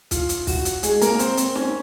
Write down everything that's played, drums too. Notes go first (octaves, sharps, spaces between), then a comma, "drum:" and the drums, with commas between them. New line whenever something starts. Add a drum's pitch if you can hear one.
F4, drum: kick, hi-hat
drum: hi-hat
F#4, drum: kick, open hi-hat
drum: hi-hat
G#3 G#4, drum: hi-hat
A#3 A#4, drum: hi-hat
C4 C5, drum: hi-hat
C4 C5, drum: hi-hat
C#4 C#5, drum: snare